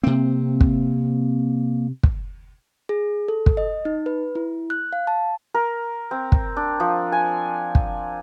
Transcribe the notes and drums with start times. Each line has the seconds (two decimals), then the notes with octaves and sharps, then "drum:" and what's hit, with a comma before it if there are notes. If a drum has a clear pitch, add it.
0.03 C3 A#3 C4
0.61 drum: kick
2.03 drum: kick
2.89 G#4
3.28 A4
3.46 drum: kick
3.57 D#5
3.85 D#4
4.06 B4
4.35 E4
4.70 F#6
4.93 F5
5.07 A5
5.54 A#4
6.11 C4
6.32 drum: kick
6.57 D4
6.80 F3
7.12 G#5
7.75 drum: kick